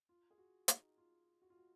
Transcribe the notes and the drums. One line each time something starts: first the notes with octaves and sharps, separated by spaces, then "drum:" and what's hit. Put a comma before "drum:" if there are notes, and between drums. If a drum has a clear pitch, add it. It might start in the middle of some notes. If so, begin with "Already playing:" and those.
F4
G#4
F#4
D#4, drum: hi-hat
F4
F#4
F4
F#4